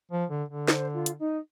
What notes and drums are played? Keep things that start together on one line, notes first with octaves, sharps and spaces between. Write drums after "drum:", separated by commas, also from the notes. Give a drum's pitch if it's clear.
F3
D3
D3
C5, drum: snare
F4
drum: hi-hat
D#4